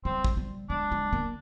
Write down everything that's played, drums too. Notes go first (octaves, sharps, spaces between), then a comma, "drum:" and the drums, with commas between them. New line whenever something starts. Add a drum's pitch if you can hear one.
G3 C4
drum: kick
G3
G#3 D4
G#3
A#3